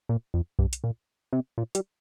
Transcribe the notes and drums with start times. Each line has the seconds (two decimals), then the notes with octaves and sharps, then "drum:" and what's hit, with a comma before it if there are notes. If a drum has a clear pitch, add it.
0.09 A#2
0.34 F2
0.59 G2, drum: kick B1
0.73 drum: hi-hat
0.84 A#2
1.33 C3
1.58 A#2
1.75 G3, drum: hi-hat